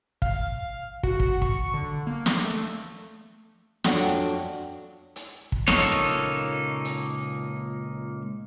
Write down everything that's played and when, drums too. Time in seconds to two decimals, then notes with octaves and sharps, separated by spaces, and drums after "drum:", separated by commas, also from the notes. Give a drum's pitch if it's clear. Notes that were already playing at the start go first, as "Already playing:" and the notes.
0.22 F5, drum: kick
1.03 F#4, drum: kick
1.20 drum: kick
1.42 C#6, drum: kick
1.74 D3
2.07 A#3
2.26 drum: snare
2.44 A3
3.84 F2 F#3 D4 A4 F#5 G5, drum: snare
5.16 drum: hi-hat
5.52 drum: kick
5.68 C#2 A#2 A#3 D#4 A4 C#5, drum: snare
6.85 drum: hi-hat